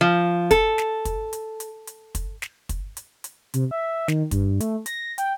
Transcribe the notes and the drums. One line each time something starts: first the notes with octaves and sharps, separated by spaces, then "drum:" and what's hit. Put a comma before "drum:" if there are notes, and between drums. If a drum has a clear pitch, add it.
F3
A4, drum: kick, hi-hat
drum: snare
drum: kick, hi-hat
drum: hi-hat
drum: hi-hat
drum: hi-hat
drum: kick, hi-hat
drum: snare
drum: kick, hi-hat
drum: hi-hat
drum: hi-hat
C3, drum: hi-hat
E5
D#3, drum: snare
G2, drum: kick, hi-hat
A3, drum: hi-hat
A#6, drum: hi-hat
G5, drum: hi-hat